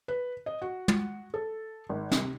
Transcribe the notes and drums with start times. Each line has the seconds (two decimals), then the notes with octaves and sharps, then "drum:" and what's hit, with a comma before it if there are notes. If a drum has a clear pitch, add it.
0.08 B4
0.46 D#5
0.62 F#4
0.88 drum: tom
1.34 A4
1.89 G#1
2.12 C3, drum: snare